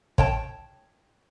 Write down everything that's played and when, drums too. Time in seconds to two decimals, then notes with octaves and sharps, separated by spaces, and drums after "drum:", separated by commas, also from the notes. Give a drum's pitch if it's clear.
0.18 C#5 G5 A5, drum: kick